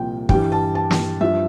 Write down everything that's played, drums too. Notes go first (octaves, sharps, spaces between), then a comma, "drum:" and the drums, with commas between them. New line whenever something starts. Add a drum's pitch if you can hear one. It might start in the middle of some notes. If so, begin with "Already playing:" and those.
Already playing: C2 A#2 F3 G5
G2 E3 G3 G5, drum: kick
A5
A5
drum: snare
G2 F3 E5